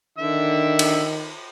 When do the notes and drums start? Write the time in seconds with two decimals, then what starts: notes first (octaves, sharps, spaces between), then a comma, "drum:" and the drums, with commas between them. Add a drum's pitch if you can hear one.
0.18 D3 D#3 E5 E6
0.79 drum: cymbal